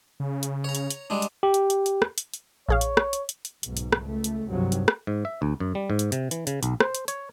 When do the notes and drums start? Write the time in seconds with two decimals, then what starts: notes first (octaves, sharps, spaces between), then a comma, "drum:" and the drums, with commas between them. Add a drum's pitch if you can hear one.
0.20 C#3
0.43 drum: hi-hat
0.64 C#5 A#5
0.75 drum: hi-hat
0.90 drum: hi-hat
1.10 G3 G#3 D4
1.22 drum: hi-hat
1.43 G4
1.54 drum: hi-hat
1.70 drum: hi-hat
1.86 drum: hi-hat
2.02 drum: rim click
2.18 drum: hi-hat
2.34 drum: hi-hat
2.69 A#1 G#4 C#5 F5
2.81 drum: hi-hat
2.97 drum: rim click
3.13 drum: hi-hat
3.29 drum: hi-hat
3.45 drum: hi-hat
3.63 B1 G#2, drum: hi-hat
3.77 drum: hi-hat
3.93 drum: rim click
4.03 C#2 A3
4.24 drum: hi-hat
4.49 C2 G2 C3 D#3 F3 F#3
4.72 drum: hi-hat
4.88 drum: rim click
5.07 G#2
5.25 E5
5.42 D2
5.60 F#2
5.75 G3
5.90 G#2
5.99 drum: hi-hat
6.12 C3, drum: hi-hat
6.31 E3, drum: hi-hat
6.47 C#3, drum: hi-hat
6.63 B1, drum: hi-hat
6.80 C5, drum: rim click
6.95 drum: hi-hat
7.08 C#5, drum: hi-hat